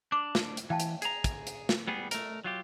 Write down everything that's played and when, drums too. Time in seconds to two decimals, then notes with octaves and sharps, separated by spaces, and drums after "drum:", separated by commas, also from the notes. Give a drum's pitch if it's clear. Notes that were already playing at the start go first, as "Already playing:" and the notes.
0.12 D4 D6
0.35 drum: snare
0.57 drum: hi-hat
0.70 E3 F5 G5 A5
0.80 drum: hi-hat
1.02 G#4 A#5, drum: hi-hat
1.24 drum: kick, hi-hat
1.47 drum: hi-hat
1.69 drum: snare
1.88 G3 B3 G#4
2.11 A3 A#4, drum: hi-hat
2.44 F#3 F4 G4